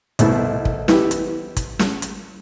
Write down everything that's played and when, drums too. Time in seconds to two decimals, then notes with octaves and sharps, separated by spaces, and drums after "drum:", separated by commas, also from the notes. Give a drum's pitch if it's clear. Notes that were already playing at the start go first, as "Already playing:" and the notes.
0.19 C2 B2 A3 E4, drum: hi-hat
0.65 drum: kick
0.88 E3 B3 E4 G4, drum: snare
1.11 drum: hi-hat
1.57 drum: kick, hi-hat
1.79 drum: snare
2.02 drum: hi-hat